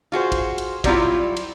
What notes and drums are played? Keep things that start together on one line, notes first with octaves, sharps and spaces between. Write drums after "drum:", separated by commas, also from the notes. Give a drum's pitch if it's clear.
F4 F#4 G#4 C5
drum: kick, cymbal
drum: cymbal
F#3 G3 A3 C4 E4 F4, drum: kick, cymbal
drum: cymbal